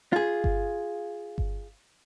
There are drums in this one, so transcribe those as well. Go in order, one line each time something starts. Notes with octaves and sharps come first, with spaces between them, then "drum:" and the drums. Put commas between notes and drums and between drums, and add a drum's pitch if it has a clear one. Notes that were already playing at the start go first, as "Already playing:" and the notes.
F4 G#4
drum: kick G1
drum: kick G1